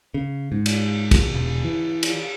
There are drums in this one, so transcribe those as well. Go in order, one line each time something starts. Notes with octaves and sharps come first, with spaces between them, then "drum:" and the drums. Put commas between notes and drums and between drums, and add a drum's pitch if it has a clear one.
C#3
G#2
drum: cymbal
drum: kick, cymbal
E1
E3
drum: cymbal